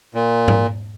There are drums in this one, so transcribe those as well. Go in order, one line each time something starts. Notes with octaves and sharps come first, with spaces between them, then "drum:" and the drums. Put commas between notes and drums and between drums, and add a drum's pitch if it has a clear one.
A#2
drum: tom G#2